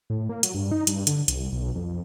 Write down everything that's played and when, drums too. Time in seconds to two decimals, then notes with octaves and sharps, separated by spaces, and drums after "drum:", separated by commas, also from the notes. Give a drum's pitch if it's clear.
0.10 A2
0.29 A#3
0.43 F#3, drum: hi-hat
0.55 G2
0.71 D#4
0.87 G2, drum: hi-hat
1.07 D3, drum: hi-hat
1.28 C2, drum: hi-hat
1.52 B1
1.75 F2